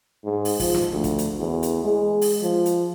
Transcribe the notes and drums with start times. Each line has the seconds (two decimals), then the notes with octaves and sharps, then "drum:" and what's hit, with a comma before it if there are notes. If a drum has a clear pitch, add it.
0.24 G#2
0.45 drum: open hi-hat
0.60 F3, drum: kick, open hi-hat
0.74 drum: snare
0.92 D2
1.04 drum: kick, hi-hat
1.18 drum: hi-hat
1.38 E2
1.63 drum: hi-hat
1.84 G#3
2.21 drum: open hi-hat
2.43 F3
2.66 drum: hi-hat